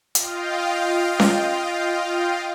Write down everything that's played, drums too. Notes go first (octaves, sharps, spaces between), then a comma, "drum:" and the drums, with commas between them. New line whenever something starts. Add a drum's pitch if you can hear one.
F4 D#5 F5 G5, drum: hi-hat
drum: snare C#4